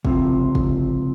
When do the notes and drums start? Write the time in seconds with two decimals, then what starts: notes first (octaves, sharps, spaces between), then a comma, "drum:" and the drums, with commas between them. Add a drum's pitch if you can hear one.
0.05 C#2 C3 F3 C4, drum: kick
0.55 drum: kick